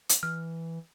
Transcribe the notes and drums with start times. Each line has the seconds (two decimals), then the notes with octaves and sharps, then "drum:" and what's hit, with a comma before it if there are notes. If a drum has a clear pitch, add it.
0.09 drum: hi-hat
0.23 E3 F6